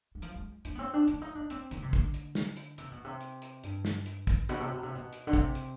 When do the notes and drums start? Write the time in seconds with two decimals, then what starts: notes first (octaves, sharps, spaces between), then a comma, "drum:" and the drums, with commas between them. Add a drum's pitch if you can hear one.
0.15 G3
0.22 F3, drum: hi-hat
0.36 G#3
0.65 D4, drum: hi-hat
0.75 B3
0.79 C4
0.94 D4
1.08 D4, drum: hi-hat
1.22 D#4
1.35 D4
1.50 C4, drum: hi-hat
1.71 D#3, drum: hi-hat
1.82 C3
1.93 D3, drum: kick, hi-hat
2.14 drum: hi-hat
2.35 drum: snare
2.57 drum: hi-hat
2.78 C3, drum: hi-hat
2.92 B2
3.04 C3
3.21 drum: hi-hat
3.42 drum: hi-hat
3.64 G2, drum: hi-hat
3.85 drum: snare
4.06 drum: hi-hat
4.27 drum: kick, hi-hat
4.49 B2, drum: hi-hat
4.60 C3
4.72 B2
4.83 C3
4.95 B2
5.13 drum: hi-hat
5.27 D3
5.33 C3, drum: kick, hi-hat
5.55 drum: hi-hat